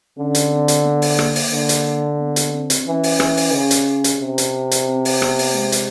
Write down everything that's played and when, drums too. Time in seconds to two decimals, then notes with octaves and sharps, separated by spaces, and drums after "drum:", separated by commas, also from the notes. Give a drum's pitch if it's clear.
0.17 D3 C#4
0.35 drum: hi-hat
0.51 C4
0.68 drum: hi-hat
0.85 B3
1.02 drum: open hi-hat
1.19 A#3, drum: rim click
1.35 drum: open hi-hat
1.52 D3
1.69 drum: hi-hat
2.19 B3
2.36 drum: hi-hat
2.53 C4
2.70 drum: hi-hat
2.87 E3 C#4
3.03 drum: open hi-hat
3.20 E3, drum: rim click
3.37 drum: open hi-hat
3.53 C#3
3.71 drum: hi-hat
4.04 drum: hi-hat
4.20 C3
4.38 drum: hi-hat
4.71 drum: hi-hat
4.88 C4
5.05 drum: open hi-hat
5.22 B3, drum: rim click
5.39 drum: open hi-hat
5.56 G#3
5.72 drum: hi-hat